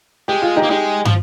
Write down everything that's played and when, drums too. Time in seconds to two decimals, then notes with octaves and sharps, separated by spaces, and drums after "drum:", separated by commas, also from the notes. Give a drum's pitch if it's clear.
0.28 G#3 G4
0.42 F4
0.56 D#4 G4
0.63 A#3
0.70 G#3 D#4 G4
1.05 F3, drum: tom